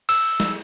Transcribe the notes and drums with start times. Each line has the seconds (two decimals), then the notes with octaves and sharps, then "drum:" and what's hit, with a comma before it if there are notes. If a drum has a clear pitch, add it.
0.09 E6, drum: cymbal
0.40 drum: snare